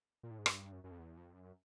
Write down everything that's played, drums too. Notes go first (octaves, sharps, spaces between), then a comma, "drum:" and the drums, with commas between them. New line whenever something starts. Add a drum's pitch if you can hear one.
A#2
A2
G#2
G2, drum: rim click
F#2
F#2
F2
E2
F2
F#2